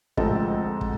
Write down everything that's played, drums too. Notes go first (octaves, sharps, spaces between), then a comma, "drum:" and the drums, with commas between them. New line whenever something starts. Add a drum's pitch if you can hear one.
D2 G#2 F3 C4 A4 D#5, drum: kick
drum: kick